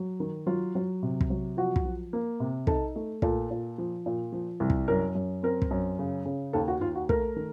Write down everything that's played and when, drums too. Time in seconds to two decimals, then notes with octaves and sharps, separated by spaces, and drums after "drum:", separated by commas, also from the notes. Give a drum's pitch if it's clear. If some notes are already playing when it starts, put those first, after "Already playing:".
Already playing: F#3
0.20 D#3
0.47 F#3 F4
0.75 F#3
1.03 C3
1.21 drum: kick
1.30 F#3
1.57 F3 F#4
1.76 drum: kick
1.85 F3
2.13 A#3
2.40 C3
2.67 D#4 A4, drum: kick
2.96 A3
3.22 A#2 A4, drum: kick
3.51 A#2
3.78 F3
4.06 A#2
4.32 F3
4.60 C2
4.70 drum: kick
4.88 F#2 A#4
5.15 F#2
5.43 C4 A#4
5.62 drum: kick
5.71 F#2
5.99 C#3
6.25 C#3
6.53 D#2 A4
6.68 F#4
6.80 D#2 F4
6.95 F#4
7.09 A3 A#4, drum: kick
7.36 D#3